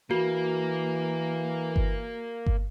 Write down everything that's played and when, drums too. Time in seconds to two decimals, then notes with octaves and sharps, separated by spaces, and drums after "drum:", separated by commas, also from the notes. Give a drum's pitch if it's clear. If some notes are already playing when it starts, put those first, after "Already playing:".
0.11 E3 A#3 F#4
1.76 drum: kick G1
2.46 drum: kick G1